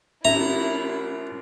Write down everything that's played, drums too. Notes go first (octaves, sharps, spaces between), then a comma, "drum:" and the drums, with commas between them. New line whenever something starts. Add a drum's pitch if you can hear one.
E4 E5 A#5, drum: cymbal